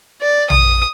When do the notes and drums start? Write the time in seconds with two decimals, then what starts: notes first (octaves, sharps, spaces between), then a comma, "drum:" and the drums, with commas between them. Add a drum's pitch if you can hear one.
0.22 D5
0.50 D#6, drum: tom A#1